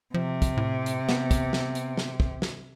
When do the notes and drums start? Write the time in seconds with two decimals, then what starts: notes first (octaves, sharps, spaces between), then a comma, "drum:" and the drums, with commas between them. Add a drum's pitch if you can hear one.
0.14 C3 F3
0.42 drum: kick, hi-hat
0.57 A2
0.86 drum: hi-hat
1.09 B3, drum: snare
1.31 drum: kick, hi-hat
1.53 drum: snare
1.75 drum: hi-hat
1.97 drum: snare
2.20 drum: kick
2.42 drum: snare